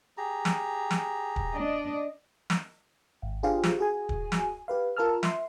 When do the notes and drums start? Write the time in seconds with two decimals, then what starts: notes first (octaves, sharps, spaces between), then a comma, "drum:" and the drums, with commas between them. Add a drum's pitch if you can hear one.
0.17 G4 G#4 A#5
0.45 drum: snare
0.91 drum: snare
1.36 drum: kick
1.54 D4 D5 D#5
2.50 drum: snare
3.22 G#1
3.43 D4 F4 G4 G#4 C5 F5
3.64 drum: snare
3.79 F#4 G#4 G#5
4.09 drum: kick
4.32 drum: snare
4.68 G4 B4 F5
4.97 F4 A#4 A5 E6 F6
5.23 E5 C6, drum: snare